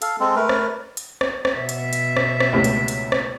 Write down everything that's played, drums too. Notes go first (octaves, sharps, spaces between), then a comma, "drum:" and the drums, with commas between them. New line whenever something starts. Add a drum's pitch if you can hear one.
A4 F5, drum: hi-hat
G#3 C4 A4
A3 A#4 B4
drum: rim click
drum: hi-hat
drum: rim click
drum: rim click
B2 E5
drum: hi-hat
drum: hi-hat
drum: rim click
drum: rim click
C#2 A2 C3
drum: hi-hat
drum: hi-hat
drum: rim click